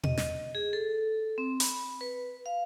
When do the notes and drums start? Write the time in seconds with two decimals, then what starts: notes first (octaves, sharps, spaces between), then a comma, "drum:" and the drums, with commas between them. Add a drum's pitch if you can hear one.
0.04 D#5, drum: tom B2
0.17 drum: snare
0.55 G#4
0.73 A4
1.38 C4
1.60 B5, drum: hi-hat
2.01 B4
2.46 F5